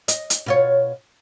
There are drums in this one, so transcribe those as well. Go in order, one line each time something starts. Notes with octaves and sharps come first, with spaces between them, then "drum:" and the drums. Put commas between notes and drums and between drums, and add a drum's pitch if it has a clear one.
D#5, drum: hi-hat
drum: hi-hat
B2 F4 C#5